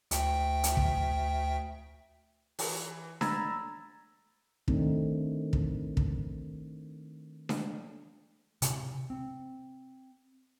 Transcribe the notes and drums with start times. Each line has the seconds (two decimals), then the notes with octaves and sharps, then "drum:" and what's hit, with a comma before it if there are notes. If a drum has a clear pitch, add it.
0.11 D2 E5 G5, drum: hi-hat
0.64 drum: hi-hat
0.77 drum: kick
2.59 E3, drum: open hi-hat
3.21 A#5 B5 E6 G#6 A6, drum: snare D4
4.68 D#3 A3 C4 D4 D#4, drum: kick
5.53 drum: kick
5.97 drum: kick
7.49 drum: snare D4
8.62 C3, drum: hi-hat
9.10 C4